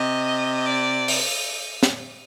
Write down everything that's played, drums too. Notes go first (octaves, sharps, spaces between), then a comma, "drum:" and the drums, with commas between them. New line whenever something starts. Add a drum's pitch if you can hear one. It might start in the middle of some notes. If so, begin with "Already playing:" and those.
Already playing: C3 D#5
D5
drum: open hi-hat
drum: snare